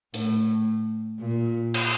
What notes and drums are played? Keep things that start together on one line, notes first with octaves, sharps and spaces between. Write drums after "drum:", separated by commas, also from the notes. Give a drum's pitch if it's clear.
A2, drum: hi-hat
A#2
drum: cymbal